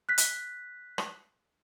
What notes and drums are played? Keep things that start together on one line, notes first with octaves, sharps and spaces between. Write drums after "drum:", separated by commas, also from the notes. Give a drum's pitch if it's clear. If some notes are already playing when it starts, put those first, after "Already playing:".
F#6 B6
drum: hi-hat
drum: rim click